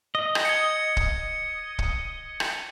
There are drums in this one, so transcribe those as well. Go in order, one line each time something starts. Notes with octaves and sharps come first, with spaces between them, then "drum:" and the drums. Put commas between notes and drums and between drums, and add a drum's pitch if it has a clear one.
D#5
drum: rim click
G#6 C#7
drum: kick
drum: kick
drum: rim click